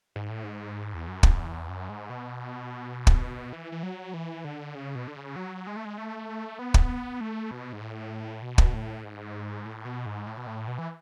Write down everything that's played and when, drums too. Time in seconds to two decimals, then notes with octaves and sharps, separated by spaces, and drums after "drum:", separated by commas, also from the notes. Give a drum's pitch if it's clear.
0.16 G#2
0.29 A2
0.44 G#2
0.94 E2
1.08 F#2
1.23 drum: kick
1.38 E2
1.69 F#2
1.89 G#2
2.10 B2
3.07 drum: kick
3.53 E3
3.72 E3
3.83 F#3
4.14 E3
4.45 D3
4.75 C#3
4.95 B2
5.07 D3
5.16 C#3
5.36 F#3
5.67 G#3
5.76 A3
5.85 G#3
5.98 A3
6.59 B3
6.74 drum: kick
7.21 A3
7.51 B2
7.73 G#2
7.81 A2
8.42 B2
8.58 drum: kick
8.74 A2
9.04 G#2
9.65 A2
9.85 B2
10.06 G#2
10.27 A2
10.37 B2
10.47 A2
10.68 B2
10.78 E3